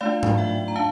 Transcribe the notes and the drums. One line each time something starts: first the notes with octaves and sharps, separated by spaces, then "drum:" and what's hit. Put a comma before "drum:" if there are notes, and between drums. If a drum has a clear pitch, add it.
A3 D4 F4 D5 F5
drum: tom G#2
E5 G5
A#5
D4 F5 A5